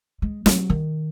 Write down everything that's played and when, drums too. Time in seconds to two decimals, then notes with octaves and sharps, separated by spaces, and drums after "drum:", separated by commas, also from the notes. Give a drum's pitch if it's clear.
0.22 G#3
0.46 F#3, drum: snare
0.70 D#3